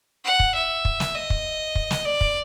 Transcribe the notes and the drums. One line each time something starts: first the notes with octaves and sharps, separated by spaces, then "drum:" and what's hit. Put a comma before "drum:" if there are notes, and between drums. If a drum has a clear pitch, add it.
F#5
drum: kick
E5
drum: kick
drum: snare
D#5
drum: kick
drum: kick
drum: snare
D5
drum: kick